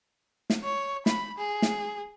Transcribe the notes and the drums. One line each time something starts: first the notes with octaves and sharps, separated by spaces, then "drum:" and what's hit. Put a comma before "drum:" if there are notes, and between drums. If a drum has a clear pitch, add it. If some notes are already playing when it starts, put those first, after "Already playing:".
drum: snare
C#5
B5, drum: snare
G#4
drum: snare